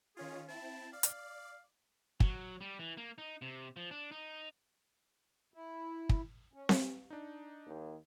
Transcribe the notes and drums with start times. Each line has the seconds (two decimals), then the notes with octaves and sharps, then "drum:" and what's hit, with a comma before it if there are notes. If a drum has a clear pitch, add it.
0.17 D#3 C#4 F4 G#4
0.48 C4 E4 A5
0.93 D5 F5
1.03 drum: hi-hat
2.20 F#3, drum: kick
2.61 G3
2.79 E3
2.97 A#3
3.18 D#4
3.42 C3
3.77 F3
3.91 D4
4.12 D#4
5.54 E4
6.09 drum: kick
6.53 C#4
6.69 drum: snare C4
7.10 D4 D#4
7.67 D#2